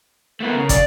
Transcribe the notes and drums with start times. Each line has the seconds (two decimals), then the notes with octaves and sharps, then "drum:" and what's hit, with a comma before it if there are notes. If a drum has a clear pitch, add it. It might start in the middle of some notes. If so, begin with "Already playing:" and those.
0.40 A3 B3 E4 A#4
0.55 C#3
0.69 D5, drum: kick, hi-hat